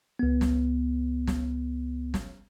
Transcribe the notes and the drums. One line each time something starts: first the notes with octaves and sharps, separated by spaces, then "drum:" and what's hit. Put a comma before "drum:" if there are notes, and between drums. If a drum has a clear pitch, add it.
C#2 B3
drum: snare
drum: snare
drum: snare